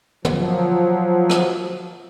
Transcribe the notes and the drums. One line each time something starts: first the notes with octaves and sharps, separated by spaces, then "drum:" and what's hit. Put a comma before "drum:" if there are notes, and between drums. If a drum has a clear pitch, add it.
F3 F#3, drum: tom
drum: rim click